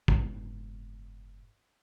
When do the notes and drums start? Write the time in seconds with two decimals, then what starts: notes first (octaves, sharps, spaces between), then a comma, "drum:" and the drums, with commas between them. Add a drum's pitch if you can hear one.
0.08 F#1 G#2 B2, drum: kick